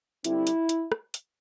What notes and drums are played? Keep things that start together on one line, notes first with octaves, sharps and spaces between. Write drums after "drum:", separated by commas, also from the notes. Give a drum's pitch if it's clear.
D3 G3 C4 E4, drum: hi-hat
drum: hi-hat
drum: hi-hat
drum: rim click
drum: hi-hat